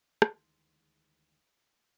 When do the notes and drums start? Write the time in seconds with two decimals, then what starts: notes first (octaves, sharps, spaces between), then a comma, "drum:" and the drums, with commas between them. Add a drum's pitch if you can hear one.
0.22 D2 D#3 E3 G#3 C6, drum: rim click